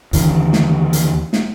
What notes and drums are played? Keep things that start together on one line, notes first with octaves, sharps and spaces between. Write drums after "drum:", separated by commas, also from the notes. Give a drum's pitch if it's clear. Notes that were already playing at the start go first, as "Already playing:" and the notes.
D#2 D3 E3, drum: hi-hat
drum: snare
drum: hi-hat
drum: snare